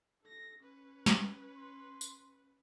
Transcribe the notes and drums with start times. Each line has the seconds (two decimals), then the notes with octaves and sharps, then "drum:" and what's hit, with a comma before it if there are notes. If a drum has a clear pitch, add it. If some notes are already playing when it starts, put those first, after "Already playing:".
0.23 A4 A#6
0.59 C#4 B4
1.06 drum: snare
1.57 C6
2.01 drum: tambourine